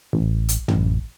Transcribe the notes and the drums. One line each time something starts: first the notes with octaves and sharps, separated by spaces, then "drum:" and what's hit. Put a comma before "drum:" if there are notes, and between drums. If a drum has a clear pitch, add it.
A1
drum: hi-hat
A1, drum: tom